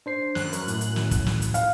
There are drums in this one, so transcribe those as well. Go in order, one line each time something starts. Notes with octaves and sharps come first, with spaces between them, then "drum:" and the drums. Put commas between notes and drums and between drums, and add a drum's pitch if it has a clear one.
D4 C5 C7
F#2 F#6, drum: snare
A#4, drum: hi-hat
A2, drum: hi-hat
drum: hi-hat
drum: snare
drum: kick, hi-hat
drum: snare
drum: hi-hat
F5, drum: hi-hat